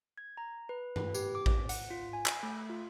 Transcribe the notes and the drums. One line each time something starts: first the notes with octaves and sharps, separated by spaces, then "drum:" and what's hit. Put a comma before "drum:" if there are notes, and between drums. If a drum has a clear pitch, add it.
G#6
A#5
B4
B4, drum: tom G2
G4, drum: tambourine
D6
drum: kick A1
F#5, drum: hi-hat
F4
G#5
drum: clap
A3
F4